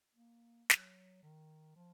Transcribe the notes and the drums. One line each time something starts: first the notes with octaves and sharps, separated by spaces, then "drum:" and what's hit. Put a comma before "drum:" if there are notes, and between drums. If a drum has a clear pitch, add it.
A#3
F#3, drum: snare
D#3
F3